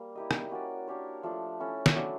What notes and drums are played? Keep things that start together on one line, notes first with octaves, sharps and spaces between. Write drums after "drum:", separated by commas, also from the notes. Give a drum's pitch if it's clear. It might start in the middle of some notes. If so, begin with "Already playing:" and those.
Already playing: G3 A#3
E4 G4 A#4 D#5
drum: rim click
C#4 F#4 A#4 D5
D4 G4 A#4 C#5
F3 A3 D4
C#4 E4 A4
drum: snare
F#3 A3 D4